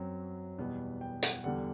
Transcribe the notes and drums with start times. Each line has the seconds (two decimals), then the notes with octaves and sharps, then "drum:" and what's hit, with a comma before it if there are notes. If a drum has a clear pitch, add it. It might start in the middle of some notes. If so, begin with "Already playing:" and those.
Already playing: F#2 F#3 C4
0.58 E2 B2 G3 B3
1.01 G5
1.23 F#5, drum: hi-hat
1.44 E2 D3 G3 F#5